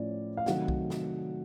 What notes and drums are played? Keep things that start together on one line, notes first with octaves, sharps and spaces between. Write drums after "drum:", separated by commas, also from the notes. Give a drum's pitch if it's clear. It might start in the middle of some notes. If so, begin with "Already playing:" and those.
Already playing: A2 F3 A3 C#4 D5
F5
C3 D#3 F#3 A3 F#5, drum: snare
drum: kick B1
drum: snare